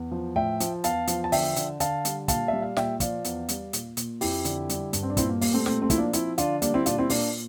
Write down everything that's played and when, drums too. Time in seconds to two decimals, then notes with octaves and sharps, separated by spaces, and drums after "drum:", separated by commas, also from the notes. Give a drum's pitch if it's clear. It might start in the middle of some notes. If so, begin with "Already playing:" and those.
Already playing: E2
0.12 F3
0.36 A2 E5 G5
0.60 F3, drum: hi-hat
0.84 E2 F5 A5, drum: hi-hat
1.07 F3, drum: hi-hat
1.24 A5
1.32 D3 E5 G5, drum: open hi-hat
1.56 D3, drum: hi-hat
1.80 D3 F5 A5, drum: hi-hat
2.05 G3, drum: hi-hat
2.28 A#2 F5 A5, drum: kick, hi-hat
2.48 G3 E5
2.62 F5
2.77 A#2 E5 G5, drum: snare
3.00 F3 D5 F5, drum: kick, hi-hat
3.24 E2, drum: hi-hat
3.49 G3, drum: hi-hat
3.73 A#2, drum: hi-hat
3.97 A#2, drum: hi-hat
4.21 F2 E4 G4, drum: open hi-hat
4.45 D3, drum: hi-hat
4.69 G3, drum: hi-hat
4.93 G2, drum: hi-hat
5.03 C4
5.10 D4
5.17 A#2 C4 E4, drum: kick, hi-hat
5.29 A#3
5.41 G3 A#3, drum: open hi-hat
5.53 A3 C4
5.66 A#2 A3 C4, drum: snare
5.82 A3 C4
5.90 F3 E4, drum: kick, hi-hat
5.98 A#3 D4
6.13 F3 C4 E4, drum: hi-hat
6.38 D3 D4 F4, drum: hi-hat
6.62 G3 A#3 D4, drum: hi-hat
6.74 C4 E4
6.86 A#2 D4 F4, drum: hi-hat
6.98 C4 E4
7.10 A#2 A#3 D4, drum: open hi-hat